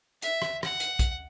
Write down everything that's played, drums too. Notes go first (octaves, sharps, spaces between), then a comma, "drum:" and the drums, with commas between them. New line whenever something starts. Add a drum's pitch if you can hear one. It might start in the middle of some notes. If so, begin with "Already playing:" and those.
E5, drum: hi-hat
drum: rim click
F#5, drum: rim click
drum: hi-hat
drum: kick A#1, hi-hat